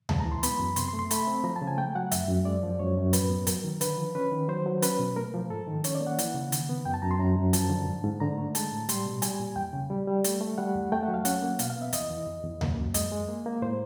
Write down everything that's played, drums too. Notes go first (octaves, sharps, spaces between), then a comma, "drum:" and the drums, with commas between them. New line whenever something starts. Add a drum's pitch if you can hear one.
G#3 A5, drum: tom D2
A#5
E3
C6
B3 B5, drum: hi-hat
F#2
C3 C6, drum: hi-hat
C6
A3
C6
A3 B5, drum: hi-hat
C4
F3 A#5
A5
C#3
G#5
A3 G5
F#3 F#5
F#2 E5, drum: hi-hat
F#2
G#3 D5
F3
F#2 C#5
F#2
A2 B4, drum: hi-hat
B3
F#3 A#4, drum: hi-hat
D#3
D3 B4, drum: hi-hat
F3
C#4 B4
D#3
F#3 C5
F#3
C#4 B4, drum: hi-hat
B2
A3 A#4
F3
G#2 A4
D#3
C#4 C#5, drum: hi-hat
D5
A#3
F#5
E3, drum: hi-hat
C#3
D#3, drum: hi-hat
B3
F#2 G5
A5
F#2 A#5
C6
F#2 A#5
F#2
F3 A5, drum: hi-hat
D3
G#2
G#2
D3 A#5
A3
G#3 A5, drum: hi-hat
A2
G3 C6, drum: hi-hat
B2
G3 G#5, drum: hi-hat
A#2
E2 G5
C#3
G3
G3
A3, drum: hi-hat
A3
G3 F#5
E2
A3 G5
F#5
F#3
F5
C#4 F#5, drum: hi-hat
A#3
B2 F5, drum: hi-hat
F5
B3
E5
E2 D#5, drum: hi-hat
E3
E2
E2
A#3, drum: tom D2
F#2
G#3 D#5, drum: hi-hat
G#3
A#3
A#3
A2 C5